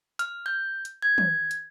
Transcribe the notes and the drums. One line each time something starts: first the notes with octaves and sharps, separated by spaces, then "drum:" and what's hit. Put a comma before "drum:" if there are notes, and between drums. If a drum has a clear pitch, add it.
F6, drum: hi-hat
G6
drum: hi-hat
G#6
drum: tom
drum: hi-hat